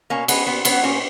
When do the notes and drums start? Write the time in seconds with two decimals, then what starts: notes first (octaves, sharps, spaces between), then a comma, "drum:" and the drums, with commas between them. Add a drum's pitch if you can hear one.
0.10 B2 A#3 C#4
0.28 G#3 B3, drum: cymbal
0.46 A#2 B3
0.65 F#3 B3, drum: cymbal
0.83 A#2 A#3 C#4